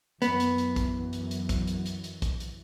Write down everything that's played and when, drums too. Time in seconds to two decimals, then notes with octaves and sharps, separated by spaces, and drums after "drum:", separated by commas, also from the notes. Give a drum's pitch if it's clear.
0.22 F#2 E3 F#3 B3, drum: hi-hat
0.40 drum: hi-hat
0.58 drum: hi-hat
0.76 drum: kick, hi-hat
1.13 drum: hi-hat
1.31 drum: hi-hat
1.49 drum: kick, hi-hat
1.67 drum: hi-hat
1.86 drum: hi-hat
2.04 drum: hi-hat
2.22 drum: kick, hi-hat
2.40 drum: hi-hat